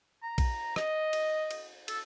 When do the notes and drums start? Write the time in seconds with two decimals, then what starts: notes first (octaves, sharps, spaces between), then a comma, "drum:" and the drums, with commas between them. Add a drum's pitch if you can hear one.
0.23 A#5
0.38 drum: kick A#1, cymbal
0.76 D#5, drum: rim click
1.13 drum: cymbal
1.51 drum: cymbal
1.88 A4, drum: cymbal